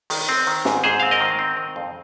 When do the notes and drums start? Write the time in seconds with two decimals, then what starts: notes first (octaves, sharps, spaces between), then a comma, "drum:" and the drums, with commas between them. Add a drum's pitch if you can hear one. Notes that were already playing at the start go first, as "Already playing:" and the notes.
0.10 D#3, drum: open hi-hat
0.29 C4
0.47 D#3
0.65 G#2, drum: snare
0.84 G#2 G#4 C5
1.00 C4 F5
1.11 A#4 D#5
1.20 D#3
1.39 C4
1.57 D#3
1.76 F2